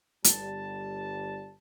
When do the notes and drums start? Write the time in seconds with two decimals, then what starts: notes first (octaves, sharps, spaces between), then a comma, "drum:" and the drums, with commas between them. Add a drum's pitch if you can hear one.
0.24 G1 G3 A5, drum: hi-hat